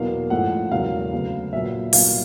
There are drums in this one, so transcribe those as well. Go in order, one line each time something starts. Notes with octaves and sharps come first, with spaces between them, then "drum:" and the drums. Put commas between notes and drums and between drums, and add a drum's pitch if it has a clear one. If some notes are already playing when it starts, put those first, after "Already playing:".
Already playing: E2 B2 F#3 A#3 F5
A1 G#2 F3 A3 F#5
E1 E2 C#3 F#3 A#3 F5
D2 C#3 F#3 B3
A#1 A#2 F#3 B3 E5
C2 A#2 F#3 B3 F5, drum: open hi-hat